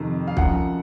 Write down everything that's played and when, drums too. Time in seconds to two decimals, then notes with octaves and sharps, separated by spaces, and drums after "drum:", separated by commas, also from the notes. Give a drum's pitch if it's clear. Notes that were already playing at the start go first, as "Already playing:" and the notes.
Already playing: F2 C3 D#3
0.28 F5
0.37 F#2 F3 F#5, drum: kick